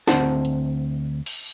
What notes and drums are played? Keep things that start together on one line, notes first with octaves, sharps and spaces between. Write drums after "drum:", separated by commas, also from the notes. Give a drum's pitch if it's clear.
D2 A#3 C4 C5 F#5 A5, drum: snare
drum: hi-hat
drum: cymbal